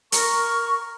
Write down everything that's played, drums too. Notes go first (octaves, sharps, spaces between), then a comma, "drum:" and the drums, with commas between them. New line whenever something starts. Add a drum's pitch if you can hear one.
A#4 A#5 C#6 F6, drum: hi-hat